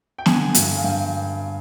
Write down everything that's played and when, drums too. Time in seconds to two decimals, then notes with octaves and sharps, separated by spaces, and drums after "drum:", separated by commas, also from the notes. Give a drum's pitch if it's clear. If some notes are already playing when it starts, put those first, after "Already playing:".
0.18 G5
0.26 D3 G#5, drum: snare
0.54 G2 G#5, drum: hi-hat
0.76 F5
0.84 G2 G5